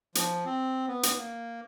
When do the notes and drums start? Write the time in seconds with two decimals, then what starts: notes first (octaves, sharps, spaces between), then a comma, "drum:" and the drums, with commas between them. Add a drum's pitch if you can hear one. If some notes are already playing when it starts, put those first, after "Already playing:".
0.15 F3, drum: hi-hat
0.45 C4
0.88 B3
1.03 drum: hi-hat
1.18 A#3